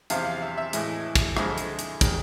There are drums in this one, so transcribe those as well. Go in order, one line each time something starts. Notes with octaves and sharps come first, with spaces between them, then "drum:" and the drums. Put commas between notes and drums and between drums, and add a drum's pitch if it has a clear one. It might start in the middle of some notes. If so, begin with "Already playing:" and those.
E2 C3 F3 F5, drum: hi-hat
F5
E5
E5
A2 E3 G#3, drum: hi-hat
drum: kick, hi-hat
F2 D3 F3 G#3 E5, drum: rim click
drum: hi-hat
drum: hi-hat
D#3 G#3, drum: kick, hi-hat